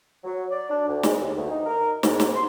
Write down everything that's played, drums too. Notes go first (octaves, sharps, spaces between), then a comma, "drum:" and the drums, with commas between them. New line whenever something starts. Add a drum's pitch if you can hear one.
F#3
D5
D4
D2
G#3, drum: snare
D#2
D2
D#4
A#4
G#2, drum: snare
drum: snare
C6